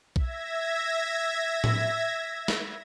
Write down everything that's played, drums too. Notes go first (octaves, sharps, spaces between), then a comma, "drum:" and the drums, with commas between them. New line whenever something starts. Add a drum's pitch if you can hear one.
E5 G#6 A#6, drum: kick B1
drum: tom A2
drum: snare